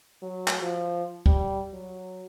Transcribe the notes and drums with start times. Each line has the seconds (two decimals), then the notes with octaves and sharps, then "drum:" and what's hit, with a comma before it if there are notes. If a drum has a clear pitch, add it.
0.23 F#3
0.48 drum: clap
0.61 F3
1.26 G3, drum: kick
1.73 F#3